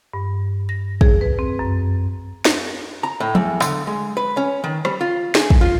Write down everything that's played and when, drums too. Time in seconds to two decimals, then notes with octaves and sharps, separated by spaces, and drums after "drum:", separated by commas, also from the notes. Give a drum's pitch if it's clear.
0.13 G2
0.69 A#6
1.01 G#4, drum: kick
1.21 B4
1.39 C4
1.59 F#2
2.45 drum: snare
3.03 A#5
3.20 A2
3.35 E2, drum: tom F3
3.62 D3, drum: tambourine
3.87 G#3
4.17 B4
4.37 C#4
4.64 D#3
4.85 G3, drum: rim click
5.01 F4
5.35 G#4, drum: snare
5.50 drum: kick
5.61 F4